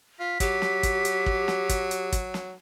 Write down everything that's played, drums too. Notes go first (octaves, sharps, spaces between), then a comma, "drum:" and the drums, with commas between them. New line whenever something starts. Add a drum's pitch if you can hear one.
F4 B6
F#3 G4, drum: kick, hi-hat
drum: snare
drum: kick, hi-hat
drum: hi-hat
drum: kick
drum: snare
drum: kick, hi-hat
drum: hi-hat
drum: kick, hi-hat
drum: snare